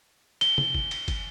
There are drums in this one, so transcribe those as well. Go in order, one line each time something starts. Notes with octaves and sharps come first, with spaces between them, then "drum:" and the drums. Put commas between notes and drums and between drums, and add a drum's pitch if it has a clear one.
G7, drum: cymbal
drum: tom C3
drum: kick
drum: cymbal
drum: kick, cymbal